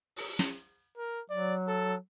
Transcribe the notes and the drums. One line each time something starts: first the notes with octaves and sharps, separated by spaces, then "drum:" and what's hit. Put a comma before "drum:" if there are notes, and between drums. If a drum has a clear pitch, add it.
drum: open hi-hat
drum: snare
A#4
F#3 D5
A4